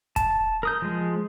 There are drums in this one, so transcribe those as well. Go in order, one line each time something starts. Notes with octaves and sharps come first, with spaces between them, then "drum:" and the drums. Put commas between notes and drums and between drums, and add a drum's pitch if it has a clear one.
A5, drum: kick, hi-hat
A#4 D#6 G6
F3 G#3